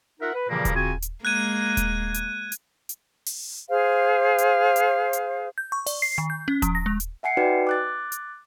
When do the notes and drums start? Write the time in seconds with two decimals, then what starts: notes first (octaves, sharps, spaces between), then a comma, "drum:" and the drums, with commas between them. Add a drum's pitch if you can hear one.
0.20 D#4 F4 A#4 E5 F#5
0.34 B4
0.49 A#2 C#3 E3 F3 G3 A#3
0.65 drum: kick D#1, hi-hat
0.74 C#3 C4 F4 F#4 G#5
1.02 drum: hi-hat
1.25 G#3 A#3 F#6 G#6 D#7
1.77 drum: kick D#1, hi-hat
2.14 drum: hi-hat
2.52 drum: hi-hat
2.89 drum: hi-hat
3.26 drum: open hi-hat
3.69 G#4 C5 F5
4.38 drum: hi-hat
4.76 drum: hi-hat
5.13 drum: hi-hat
5.58 G6
5.72 C#6
5.86 D5, drum: open hi-hat
6.02 C7
6.18 D#3
6.30 G6
6.48 C#4
6.62 F3, drum: kick D#1, hi-hat
6.75 A#6
6.86 G#3
7.00 drum: hi-hat
7.23 E5 F#5 G#5 C7 C#7
7.37 D#4 F#4 B4 D5 G5
7.67 D6 F#6 A6
8.12 drum: hi-hat